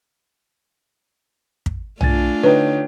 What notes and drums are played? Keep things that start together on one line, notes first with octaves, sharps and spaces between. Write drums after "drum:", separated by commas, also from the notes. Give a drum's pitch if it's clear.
drum: kick
A3 D4 F4 G#5 A6, drum: tom
D3 D#4 B4 C#5 G5